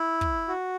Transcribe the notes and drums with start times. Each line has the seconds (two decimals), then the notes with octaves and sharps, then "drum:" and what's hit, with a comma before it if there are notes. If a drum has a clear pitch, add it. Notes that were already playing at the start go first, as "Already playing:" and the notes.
Already playing: E4
0.21 drum: kick
0.48 F#4